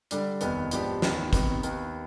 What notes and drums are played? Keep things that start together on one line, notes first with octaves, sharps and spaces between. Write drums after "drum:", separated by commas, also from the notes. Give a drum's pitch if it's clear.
D3 G3 D4, drum: hi-hat
F1 D#2 D#3 B3, drum: hi-hat
G#2 F3 B3 D4 G4, drum: hi-hat
D#2 D#3 B3, drum: snare
C3 D#3 B3, drum: kick, hi-hat
D#2 D#3 B3, drum: hi-hat